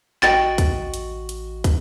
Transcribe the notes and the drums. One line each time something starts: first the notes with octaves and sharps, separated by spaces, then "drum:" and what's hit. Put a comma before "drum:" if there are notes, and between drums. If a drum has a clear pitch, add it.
A1 F#4 D#5 G5 A6, drum: clap
drum: kick, hi-hat
drum: hi-hat
drum: hi-hat
drum: kick, hi-hat